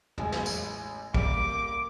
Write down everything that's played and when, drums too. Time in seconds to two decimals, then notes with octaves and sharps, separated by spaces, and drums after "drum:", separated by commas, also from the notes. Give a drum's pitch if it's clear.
0.18 A1 G#3 G#5, drum: tom
0.32 drum: snare
0.46 drum: tambourine
1.14 G3 A#3 D6, drum: kick